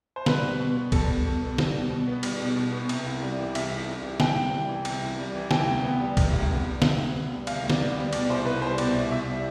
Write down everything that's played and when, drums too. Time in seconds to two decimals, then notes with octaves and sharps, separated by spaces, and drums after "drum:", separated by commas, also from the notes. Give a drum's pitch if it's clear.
0.16 C5
0.26 G3 B4, drum: snare
0.43 B2
0.59 B2
0.76 B3
0.92 G3 A4, drum: kick, cymbal
1.09 B2
1.26 B2
1.42 B3
1.58 G3, drum: snare
1.74 B2
1.90 B2
2.07 B3
2.23 G3, drum: cymbal
2.40 B2
2.56 B2
2.72 B3
2.89 C3, drum: cymbal
3.06 C2
3.21 G3
3.38 E3
3.55 C3 E5, drum: cymbal
3.71 C2
3.88 G3
4.03 E3
4.20 C3 G5, drum: snare
4.36 C2
4.53 G3
4.69 E3
4.85 C3, drum: cymbal
5.03 C2
5.19 G3
5.35 E3
5.51 C3 G5, drum: snare
5.67 D2
5.83 B3
6.00 G3
6.17 C3, drum: kick, cymbal
6.33 D2
6.50 B3
6.65 G3
6.82 C3, drum: snare
6.99 D2
7.15 B3
7.31 G3
7.47 C3 F5, drum: cymbal
7.64 D2
7.70 D5, drum: snare
7.81 B3
7.97 G3
8.13 B2 D5, drum: cymbal
8.30 C2 C5
8.45 C2 B4
8.62 G3 C5
8.78 B2 D5, drum: cymbal
8.95 C2
9.11 C2 E5
9.28 G3